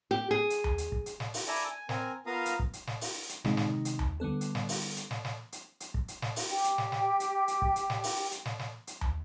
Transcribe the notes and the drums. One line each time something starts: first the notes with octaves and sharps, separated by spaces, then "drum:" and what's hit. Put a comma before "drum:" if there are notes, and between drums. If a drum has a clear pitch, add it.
G4
G#4
drum: hi-hat
drum: tom D#2
drum: hi-hat
drum: kick
drum: hi-hat
drum: snare
drum: open hi-hat
A4 D5 E5 G#5 A#5 B5
G#5
C4 A#4 G#5, drum: snare
B3 F4 A#4 F5 A#5 D#6
drum: hi-hat
drum: kick
drum: hi-hat
drum: snare
drum: open hi-hat
drum: hi-hat
C3 D#3 G#3 D#4, drum: snare
drum: snare
drum: hi-hat
drum: tom D#2
D3 G3 B3 A4
drum: hi-hat
drum: snare
drum: open hi-hat
drum: hi-hat
drum: snare
drum: snare
drum: hi-hat
drum: hi-hat
drum: kick
drum: hi-hat
drum: snare
drum: open hi-hat
G4 G5
drum: hi-hat
drum: snare
drum: snare
drum: hi-hat
drum: hi-hat
drum: kick
drum: hi-hat
drum: snare
drum: open hi-hat
drum: hi-hat
drum: snare
drum: snare
drum: hi-hat
drum: tom D#2